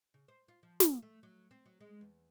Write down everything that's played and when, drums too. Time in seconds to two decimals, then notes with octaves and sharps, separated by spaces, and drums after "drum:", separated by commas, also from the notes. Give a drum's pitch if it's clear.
0.14 C#3
0.28 C5
0.48 F4
0.63 F3
0.80 F#2, drum: snare
1.02 A3
1.23 F#3
1.51 C4
1.66 F#3
1.80 G#3
2.01 E2